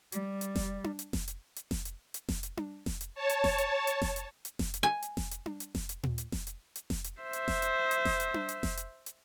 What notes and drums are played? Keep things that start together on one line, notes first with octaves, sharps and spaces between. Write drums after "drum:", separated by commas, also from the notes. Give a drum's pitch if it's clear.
G3, drum: hi-hat
drum: hi-hat
drum: snare F1
drum: tom D4
drum: hi-hat
drum: snare F1
drum: hi-hat
drum: hi-hat
drum: snare F1
drum: hi-hat
drum: hi-hat
drum: snare F1
drum: hi-hat
drum: tom D4
drum: snare F1
drum: hi-hat
C#5 A5
drum: hi-hat
drum: snare F1
drum: hi-hat
drum: hi-hat
drum: snare F1
drum: hi-hat
drum: hi-hat
drum: snare F1
drum: hi-hat
G#5
drum: hi-hat
drum: snare F1
drum: hi-hat
drum: tom D4
drum: hi-hat
drum: snare F1
drum: hi-hat
drum: tom A#2
drum: hi-hat
drum: snare F1
drum: hi-hat
drum: hi-hat
drum: snare F1
drum: hi-hat
C5 E5
drum: hi-hat
drum: snare F1
drum: hi-hat
drum: hi-hat
drum: snare F1
drum: hi-hat
drum: tom D4
drum: hi-hat
drum: snare F1
drum: hi-hat
drum: hi-hat